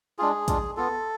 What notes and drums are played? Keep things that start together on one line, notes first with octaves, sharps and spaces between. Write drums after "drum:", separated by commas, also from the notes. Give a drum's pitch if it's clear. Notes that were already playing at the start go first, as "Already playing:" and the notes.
G#3 D4 F4 G#4
G#3 D4 F4, drum: kick, hi-hat
B3 F4 A4